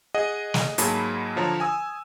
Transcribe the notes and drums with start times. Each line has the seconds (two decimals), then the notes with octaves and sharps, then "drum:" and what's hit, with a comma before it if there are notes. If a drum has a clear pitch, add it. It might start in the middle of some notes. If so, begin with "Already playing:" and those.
0.14 G#4 D#5 F#5
0.54 drum: snare
0.78 G#2 F#3 A#3 G#4 A5 B5, drum: hi-hat
1.36 D3 F3 C#5 A5 A#5
1.60 G#5 D#6 E6